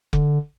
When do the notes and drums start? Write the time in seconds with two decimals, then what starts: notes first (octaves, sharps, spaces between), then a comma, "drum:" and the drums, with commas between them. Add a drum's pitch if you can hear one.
0.13 D3, drum: kick F1